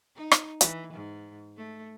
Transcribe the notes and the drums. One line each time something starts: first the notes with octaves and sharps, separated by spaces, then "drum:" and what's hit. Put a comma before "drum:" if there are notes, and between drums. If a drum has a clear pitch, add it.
D#4
drum: rim click
E3, drum: hi-hat
G#2
A3